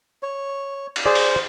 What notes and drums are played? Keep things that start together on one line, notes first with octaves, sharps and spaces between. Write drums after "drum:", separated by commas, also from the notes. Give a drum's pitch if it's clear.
C#5
drum: cymbal
G#4 C5 D5
drum: open hi-hat